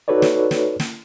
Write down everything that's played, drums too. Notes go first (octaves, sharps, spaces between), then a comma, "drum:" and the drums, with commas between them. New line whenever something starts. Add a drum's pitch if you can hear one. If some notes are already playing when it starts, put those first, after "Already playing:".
D#4 F#4 A4 B4 C#5 D5
drum: snare
drum: snare
drum: snare